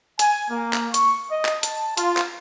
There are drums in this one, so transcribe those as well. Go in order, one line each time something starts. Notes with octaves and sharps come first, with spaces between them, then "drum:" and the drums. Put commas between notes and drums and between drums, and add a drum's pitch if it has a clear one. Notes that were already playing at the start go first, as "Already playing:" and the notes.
G#5, drum: hi-hat
A#3
drum: clap
C#6, drum: hi-hat
D#5
drum: clap
A5, drum: hi-hat
F4, drum: hi-hat
drum: clap